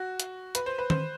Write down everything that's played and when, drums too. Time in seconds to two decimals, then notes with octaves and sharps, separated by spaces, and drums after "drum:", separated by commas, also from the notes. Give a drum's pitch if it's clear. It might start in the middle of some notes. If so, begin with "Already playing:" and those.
Already playing: F#4
0.20 drum: hi-hat
0.55 B4, drum: hi-hat
0.66 C5
0.78 B4
0.90 C5, drum: tom D#3